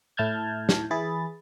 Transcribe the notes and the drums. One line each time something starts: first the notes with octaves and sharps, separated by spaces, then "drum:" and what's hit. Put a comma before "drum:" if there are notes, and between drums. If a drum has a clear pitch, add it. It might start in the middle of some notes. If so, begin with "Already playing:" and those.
A2 E4 A5 F6 G6 G#6
drum: snare
E3 E4 G#4 B5 A6